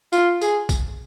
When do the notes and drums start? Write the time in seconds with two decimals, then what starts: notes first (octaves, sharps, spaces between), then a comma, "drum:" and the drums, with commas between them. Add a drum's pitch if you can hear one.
0.13 F4, drum: tambourine
0.41 G#4, drum: tambourine
0.69 drum: kick, tambourine